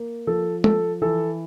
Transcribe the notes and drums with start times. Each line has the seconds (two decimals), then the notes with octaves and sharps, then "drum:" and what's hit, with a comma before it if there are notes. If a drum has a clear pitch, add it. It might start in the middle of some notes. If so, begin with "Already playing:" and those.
Already playing: A#3
0.27 F3 A4
0.64 F3 A4, drum: tom
1.02 E3 A4